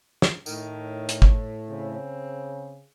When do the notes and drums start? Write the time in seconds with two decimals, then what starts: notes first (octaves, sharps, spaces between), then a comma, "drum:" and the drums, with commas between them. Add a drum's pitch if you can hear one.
0.22 drum: snare
0.46 A2 D#3, drum: tambourine
1.09 drum: hi-hat
1.22 drum: kick
1.70 C#3 C4